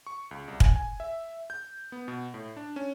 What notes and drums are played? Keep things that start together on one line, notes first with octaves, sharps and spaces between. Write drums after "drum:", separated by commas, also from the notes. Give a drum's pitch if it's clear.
C#6
C#2
C2
G#5, drum: kick
G#5
E5
G6
B3
B2
A2
D4
C#4